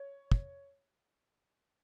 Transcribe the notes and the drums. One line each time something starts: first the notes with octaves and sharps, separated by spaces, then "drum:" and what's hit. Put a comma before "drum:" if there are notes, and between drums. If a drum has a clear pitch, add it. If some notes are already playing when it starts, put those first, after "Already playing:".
Already playing: C#5
drum: kick